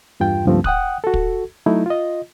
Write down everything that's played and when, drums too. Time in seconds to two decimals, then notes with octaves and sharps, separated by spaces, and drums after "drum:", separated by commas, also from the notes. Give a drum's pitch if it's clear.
0.20 E2 G2 F4 G5
0.45 C#2 G2 F3 A3 C4
0.64 F#5 G5 D#6 F#6, drum: kick
1.04 F#4 A4
1.14 drum: kick
1.66 F#3 A3 D#4 E4
1.86 F4 D#5